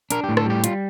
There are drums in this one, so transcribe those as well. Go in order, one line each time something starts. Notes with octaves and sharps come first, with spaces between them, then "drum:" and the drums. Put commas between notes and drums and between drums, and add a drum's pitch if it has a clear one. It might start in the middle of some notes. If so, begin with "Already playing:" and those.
D4 A#4, drum: hi-hat
G4
A2
A4, drum: rim click
G3 G4
G3 F4, drum: hi-hat